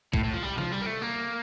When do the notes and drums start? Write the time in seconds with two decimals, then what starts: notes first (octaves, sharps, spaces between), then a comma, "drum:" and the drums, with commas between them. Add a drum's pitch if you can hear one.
0.14 A2, drum: kick
0.24 A2
0.34 F3
0.43 G3
0.58 F3, drum: tom C3
0.72 G3
0.82 A#3
0.86 A3
1.02 A#3